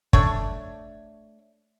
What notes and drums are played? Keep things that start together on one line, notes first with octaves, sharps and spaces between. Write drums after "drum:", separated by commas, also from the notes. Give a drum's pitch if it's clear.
A3 D4 C#5, drum: kick